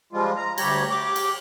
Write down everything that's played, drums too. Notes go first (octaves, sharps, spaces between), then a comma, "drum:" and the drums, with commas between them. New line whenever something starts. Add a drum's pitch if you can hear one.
F3 G3 G#3 F4
A#5
D2 G3 G4 C#5 A#5, drum: cymbal
G4 D6
drum: cymbal